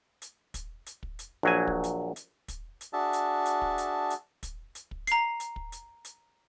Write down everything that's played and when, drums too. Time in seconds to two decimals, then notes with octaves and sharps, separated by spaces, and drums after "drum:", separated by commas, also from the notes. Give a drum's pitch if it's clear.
0.22 drum: hi-hat
0.54 drum: kick, hi-hat
0.86 drum: hi-hat
1.03 drum: kick
1.19 drum: hi-hat
1.43 A#1 F#3 G#5
1.67 drum: kick
1.84 drum: hi-hat
2.16 drum: hi-hat
2.48 drum: kick, hi-hat
2.81 drum: hi-hat
2.93 D4 F#4 G#4 E5 A5
3.13 drum: hi-hat
3.46 drum: hi-hat
3.62 drum: kick
3.78 drum: hi-hat
4.10 drum: hi-hat
4.43 drum: kick, hi-hat
4.75 drum: hi-hat
4.91 drum: kick
5.07 A#5 C7, drum: hi-hat
5.40 drum: hi-hat
5.56 drum: kick
5.72 drum: hi-hat
6.05 drum: hi-hat